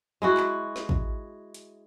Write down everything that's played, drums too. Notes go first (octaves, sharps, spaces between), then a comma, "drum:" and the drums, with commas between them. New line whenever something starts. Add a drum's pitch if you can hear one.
G#3 E4 F#4
drum: clap
drum: snare
drum: kick
drum: hi-hat